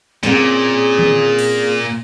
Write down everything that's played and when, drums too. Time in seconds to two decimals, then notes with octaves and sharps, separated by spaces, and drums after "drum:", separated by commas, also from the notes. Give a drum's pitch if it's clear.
0.23 A#2 A#3 C4 C#4 G#4, drum: snare
0.99 drum: tom D3
1.39 drum: cymbal